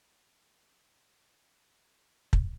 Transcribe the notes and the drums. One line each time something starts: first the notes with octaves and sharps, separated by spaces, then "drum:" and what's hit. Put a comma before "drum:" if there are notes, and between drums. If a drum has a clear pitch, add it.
C#5 C6 G#6
C#4 A4 G5
A#1 C#3 D#6
drum: kick